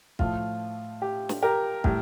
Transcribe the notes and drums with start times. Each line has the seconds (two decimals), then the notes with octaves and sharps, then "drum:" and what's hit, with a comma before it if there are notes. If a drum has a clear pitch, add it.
0.19 A2 F3 A3 F4, drum: kick
1.02 G4
1.29 drum: snare
1.42 G4 A#4
1.84 A2 G3, drum: kick